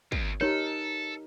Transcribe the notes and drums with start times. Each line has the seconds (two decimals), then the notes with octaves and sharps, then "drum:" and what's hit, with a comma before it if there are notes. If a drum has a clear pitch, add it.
0.12 D#2, drum: kick
0.41 D#4 G4 A4 A#4 C#5